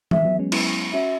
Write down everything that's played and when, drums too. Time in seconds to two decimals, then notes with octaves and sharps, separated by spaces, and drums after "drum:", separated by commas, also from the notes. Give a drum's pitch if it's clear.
0.11 E3 G#3 E5, drum: tom E3
0.25 F#3 B3
0.39 G#3 C#4
0.52 B3 E4, drum: cymbal
0.94 C#4 F#4 E5